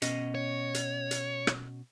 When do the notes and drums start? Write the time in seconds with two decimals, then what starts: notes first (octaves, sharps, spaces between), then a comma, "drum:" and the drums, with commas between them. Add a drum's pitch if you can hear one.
0.02 B2 C#4 D#5, drum: hi-hat
0.35 C#5
0.74 drum: hi-hat
1.11 drum: hi-hat
1.47 drum: rim click